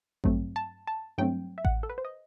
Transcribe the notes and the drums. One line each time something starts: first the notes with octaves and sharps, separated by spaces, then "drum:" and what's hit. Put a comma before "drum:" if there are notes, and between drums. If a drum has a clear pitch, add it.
G2 F#3 A3 C4, drum: kick A1
A5
A5
G2 F#3 A3 C4 G5
E5
F#5, drum: kick A1
A4
B4
C5
D#5